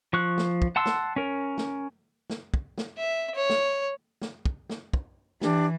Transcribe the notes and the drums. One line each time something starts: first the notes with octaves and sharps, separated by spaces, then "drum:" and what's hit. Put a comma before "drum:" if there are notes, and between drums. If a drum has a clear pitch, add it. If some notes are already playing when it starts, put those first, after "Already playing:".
F3 C#6 F#6
drum: snare
drum: kick
F#5 A5 C6 E6
drum: snare
C#4 A#4
drum: snare
drum: snare
drum: kick
drum: snare
E5
C#5
drum: snare
drum: snare
drum: kick
drum: snare
drum: kick
E3 D4 G4, drum: snare